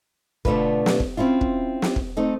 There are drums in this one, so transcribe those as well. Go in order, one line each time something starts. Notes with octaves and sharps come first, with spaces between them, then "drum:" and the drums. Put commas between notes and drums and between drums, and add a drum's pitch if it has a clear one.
B2 D3 A3 D4 F4 B4, drum: kick
drum: snare
drum: kick
C4 C#4 E4 F4
drum: kick
drum: snare
drum: kick
A3 C4 D#4